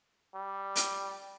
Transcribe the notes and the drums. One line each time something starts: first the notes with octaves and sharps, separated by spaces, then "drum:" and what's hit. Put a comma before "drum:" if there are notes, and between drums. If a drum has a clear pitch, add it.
G3
drum: hi-hat